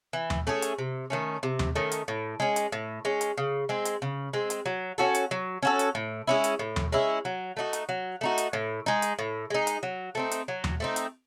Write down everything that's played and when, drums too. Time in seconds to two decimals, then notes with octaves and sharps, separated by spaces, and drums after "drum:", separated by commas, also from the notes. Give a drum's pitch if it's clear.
0.13 E3
0.30 drum: tom D#2
0.47 A3 C#4 G#4
0.62 drum: hi-hat
0.78 C3
1.10 D#3 A3 C#4
1.43 C3
1.59 drum: tom D#2
1.75 D#3 A3 C#4
1.92 drum: hi-hat
2.08 A2
2.40 G#3 C#4
2.56 drum: hi-hat
2.72 A2
3.05 G#3 C#4
3.21 drum: hi-hat
3.37 C#3
3.69 G#3 C4
3.85 drum: hi-hat
4.02 C#3
4.33 G#3 C4
4.50 drum: hi-hat
4.66 F#3
4.98 C#4 F#4 A4
5.15 drum: hi-hat
5.31 F#3
5.63 C#4 F#4 A4
5.79 drum: hi-hat
5.95 A2
6.27 G#3 C#4 E4
6.44 drum: hi-hat
6.59 A2
6.76 drum: tom D#2
6.92 G#3 C#4 E4
7.25 F#3
7.57 A3 D#4 F#4
7.73 drum: hi-hat
7.89 F#3
8.21 A3 D#4 F#4
8.38 drum: hi-hat
8.53 A2
8.86 G#3 D#4
9.02 drum: hi-hat
9.19 A2
9.50 G#3 D#4
9.67 drum: hi-hat
9.83 F#3
10.15 A3 C4 D#4
10.31 drum: hi-hat
10.48 F#3
10.64 drum: tom D#2
10.80 A3 C4 D#4
10.96 drum: hi-hat